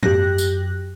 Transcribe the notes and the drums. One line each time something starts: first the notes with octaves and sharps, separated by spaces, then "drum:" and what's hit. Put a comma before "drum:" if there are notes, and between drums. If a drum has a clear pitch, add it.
F#2 G4 F#6 A#6, drum: tom G#2
drum: tambourine